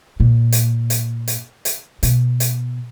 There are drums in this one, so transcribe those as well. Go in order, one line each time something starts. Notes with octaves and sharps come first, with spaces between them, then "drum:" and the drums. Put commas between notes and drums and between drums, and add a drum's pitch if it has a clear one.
A#2
drum: hi-hat
drum: hi-hat
drum: hi-hat
drum: hi-hat
B2, drum: hi-hat
drum: hi-hat